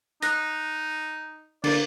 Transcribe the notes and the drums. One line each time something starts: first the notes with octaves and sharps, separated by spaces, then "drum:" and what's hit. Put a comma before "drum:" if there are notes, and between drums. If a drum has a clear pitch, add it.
D#4 F#6 A#6, drum: hi-hat
D3 A#3 D5, drum: cymbal